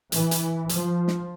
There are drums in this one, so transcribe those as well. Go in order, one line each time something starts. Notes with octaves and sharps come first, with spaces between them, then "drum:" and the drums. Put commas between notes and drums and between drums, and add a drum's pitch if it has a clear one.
E3, drum: hi-hat
drum: hi-hat
F3, drum: hi-hat
drum: snare